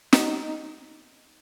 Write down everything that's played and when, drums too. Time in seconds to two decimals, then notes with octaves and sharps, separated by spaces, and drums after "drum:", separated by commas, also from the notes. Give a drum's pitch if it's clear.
0.13 D#4, drum: snare